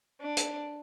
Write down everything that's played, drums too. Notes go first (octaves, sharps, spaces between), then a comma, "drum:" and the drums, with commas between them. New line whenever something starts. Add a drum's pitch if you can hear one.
D4
drum: hi-hat